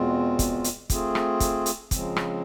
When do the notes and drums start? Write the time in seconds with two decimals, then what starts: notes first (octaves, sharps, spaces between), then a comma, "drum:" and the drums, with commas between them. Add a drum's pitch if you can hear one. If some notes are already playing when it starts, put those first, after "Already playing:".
Already playing: E2 B2 G#3 C4 F4
0.39 drum: kick, hi-hat
0.64 drum: hi-hat
0.90 A3 C4 F4 G#4, drum: kick, hi-hat
1.15 drum: rim click
1.40 drum: kick, hi-hat
1.66 drum: hi-hat
1.91 C#3 F3 G#3 C4, drum: kick, hi-hat
2.16 drum: rim click